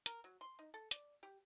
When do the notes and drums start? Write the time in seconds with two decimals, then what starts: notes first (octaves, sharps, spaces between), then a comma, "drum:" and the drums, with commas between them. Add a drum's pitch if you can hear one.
0.06 A#4, drum: hi-hat
0.24 F#3
0.41 C6
0.59 D#4
0.74 A4
0.91 D5, drum: hi-hat
1.23 G4